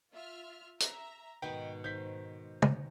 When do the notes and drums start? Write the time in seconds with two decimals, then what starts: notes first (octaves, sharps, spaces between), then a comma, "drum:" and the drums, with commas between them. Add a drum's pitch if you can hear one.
0.13 F4 E5 F6
0.80 E5 A#5, drum: hi-hat
1.42 G#2 B2 D#3 B4 D#5 F#5 G5
1.84 D#3 C5 G6 B6
2.62 drum: tom